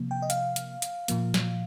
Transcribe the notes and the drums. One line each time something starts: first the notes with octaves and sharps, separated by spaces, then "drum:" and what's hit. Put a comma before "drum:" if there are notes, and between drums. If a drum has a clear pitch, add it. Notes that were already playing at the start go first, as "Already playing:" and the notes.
Already playing: C3 F3 A#3
G5
D#5
F5, drum: hi-hat
drum: hi-hat
drum: hi-hat
A#2 F3 A#3, drum: hi-hat
drum: snare